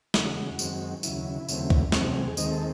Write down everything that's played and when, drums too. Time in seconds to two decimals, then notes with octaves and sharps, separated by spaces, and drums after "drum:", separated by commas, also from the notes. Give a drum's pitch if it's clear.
0.14 E2 C#3 G#3 F#4, drum: snare
0.59 F#2 D#3 G#3 C4, drum: tambourine
1.03 D#2 C#3 F#3 E4, drum: tambourine
1.49 D#2 C#3 F#3 A3 C4, drum: tambourine
1.70 drum: kick
1.92 E2 C3 F#3 A3 C4 D#4, drum: snare
2.04 C#4
2.14 G#4
2.26 G#4
2.37 D#2 D#3 G#3 C4 D#5, drum: tambourine
2.52 A4